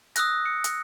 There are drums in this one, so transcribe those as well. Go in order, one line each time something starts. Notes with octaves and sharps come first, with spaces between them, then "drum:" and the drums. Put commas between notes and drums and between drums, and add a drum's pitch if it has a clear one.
D#6 E6 F#6 A#6, drum: hi-hat
C#7
drum: hi-hat